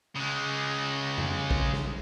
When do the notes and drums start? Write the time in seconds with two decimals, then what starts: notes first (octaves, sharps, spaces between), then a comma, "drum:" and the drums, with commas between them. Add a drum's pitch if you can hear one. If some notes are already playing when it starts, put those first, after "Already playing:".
0.16 C#3 G#3
1.18 drum: tom F2
1.51 drum: kick A#1
1.73 drum: snare